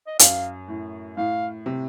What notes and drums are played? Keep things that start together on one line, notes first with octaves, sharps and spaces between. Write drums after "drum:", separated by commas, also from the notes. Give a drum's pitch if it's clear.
D#5
F#2 F5, drum: hi-hat
A2
A2 F5
C3